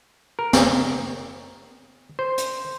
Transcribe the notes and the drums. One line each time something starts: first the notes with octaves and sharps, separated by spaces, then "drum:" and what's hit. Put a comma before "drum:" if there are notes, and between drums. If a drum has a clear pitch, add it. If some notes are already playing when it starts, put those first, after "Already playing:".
A#4
drum: snare
C5
drum: hi-hat